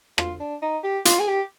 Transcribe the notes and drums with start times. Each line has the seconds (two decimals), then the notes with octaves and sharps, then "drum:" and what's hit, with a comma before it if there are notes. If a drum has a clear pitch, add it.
0.18 F4, drum: rim click
0.40 D4
0.62 D#4
0.84 G4
1.05 F4, drum: hi-hat
1.20 G#4
1.28 G4